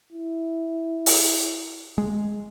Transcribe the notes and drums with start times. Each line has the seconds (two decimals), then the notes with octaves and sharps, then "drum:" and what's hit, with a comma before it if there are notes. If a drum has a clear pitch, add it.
0.13 E4
1.06 drum: open hi-hat
1.98 G#3